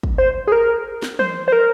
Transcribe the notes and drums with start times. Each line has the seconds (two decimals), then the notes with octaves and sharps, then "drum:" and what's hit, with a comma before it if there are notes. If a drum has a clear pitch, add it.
0.03 drum: kick
0.18 C5
0.47 G#4
0.52 A#4
1.02 drum: snare
1.19 C5, drum: tom
1.48 C5
1.52 A#4